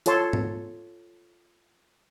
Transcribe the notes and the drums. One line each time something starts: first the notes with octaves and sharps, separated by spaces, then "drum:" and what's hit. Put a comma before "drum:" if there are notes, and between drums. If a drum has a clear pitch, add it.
F4 A4 C#5 A5 C6, drum: hi-hat
drum: tom G#2